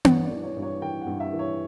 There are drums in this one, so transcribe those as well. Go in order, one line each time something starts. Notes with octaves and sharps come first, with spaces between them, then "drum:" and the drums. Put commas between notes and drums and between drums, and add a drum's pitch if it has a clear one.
G2 C#5, drum: tom B3
D5
E3
C#5
G2
C#5
E3 G5
F#5
G2
E5
E3
C#5